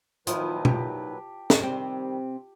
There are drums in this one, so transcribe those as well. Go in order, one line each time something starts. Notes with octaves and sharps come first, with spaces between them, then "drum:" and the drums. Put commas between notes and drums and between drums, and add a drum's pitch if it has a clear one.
A#2 D#3 F3 F#3 E4 B4, drum: hi-hat
G4, drum: tom
drum: snare
C3 D#3 G3 C4